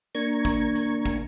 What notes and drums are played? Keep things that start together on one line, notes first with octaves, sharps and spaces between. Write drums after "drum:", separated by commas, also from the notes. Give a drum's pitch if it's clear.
A#3 D4 A#5 C#6 G#6, drum: hi-hat
drum: kick, hi-hat
drum: hi-hat
drum: kick, hi-hat